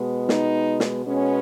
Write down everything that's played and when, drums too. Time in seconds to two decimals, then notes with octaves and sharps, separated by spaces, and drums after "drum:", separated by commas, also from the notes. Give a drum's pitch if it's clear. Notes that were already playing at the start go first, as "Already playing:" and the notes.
Already playing: B2 G#3 B3
0.29 D#4, drum: snare
0.80 drum: snare
1.06 B2 G#3 B3 C#4